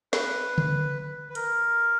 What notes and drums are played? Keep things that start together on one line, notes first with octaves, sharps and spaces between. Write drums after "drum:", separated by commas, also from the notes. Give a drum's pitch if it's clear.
B4, drum: snare
drum: tom
B4
A#4, drum: hi-hat